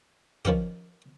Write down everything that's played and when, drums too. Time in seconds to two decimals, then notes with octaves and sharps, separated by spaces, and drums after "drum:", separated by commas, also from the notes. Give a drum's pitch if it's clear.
0.45 D#3 F3 C#4 G4, drum: kick